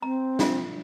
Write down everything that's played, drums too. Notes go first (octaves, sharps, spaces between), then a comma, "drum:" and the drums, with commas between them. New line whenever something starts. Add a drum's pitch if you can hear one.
C4 A#5
D4 F4 E5, drum: snare